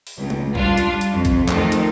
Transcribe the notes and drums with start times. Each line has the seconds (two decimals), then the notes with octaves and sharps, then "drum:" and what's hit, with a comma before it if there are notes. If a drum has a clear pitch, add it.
0.07 drum: open hi-hat
0.19 C#2
0.30 drum: tom
0.55 G3 D4 F4, drum: kick
0.77 drum: hi-hat
1.01 drum: hi-hat
1.12 F2
1.25 drum: kick, hi-hat
1.48 D#3 F3 A3 F4, drum: clap
1.72 drum: hi-hat